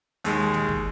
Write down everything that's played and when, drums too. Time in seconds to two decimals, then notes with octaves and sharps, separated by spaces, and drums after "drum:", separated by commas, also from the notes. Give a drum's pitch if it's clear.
0.24 D#2 G#3, drum: hi-hat
0.54 drum: snare
0.68 drum: kick